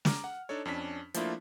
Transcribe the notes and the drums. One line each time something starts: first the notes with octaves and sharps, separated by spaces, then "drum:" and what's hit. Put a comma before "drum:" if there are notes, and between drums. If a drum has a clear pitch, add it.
A#5 D6 F6, drum: snare
F#5
D4 D#4 A4 C#5
F2 C#4 D4 B6
F3 A3 A#3 D4 E4 F4, drum: hi-hat